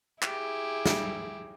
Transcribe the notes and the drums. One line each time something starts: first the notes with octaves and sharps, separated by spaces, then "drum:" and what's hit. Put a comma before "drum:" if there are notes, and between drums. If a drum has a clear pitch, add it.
E4 G4 G#4, drum: clap
drum: snare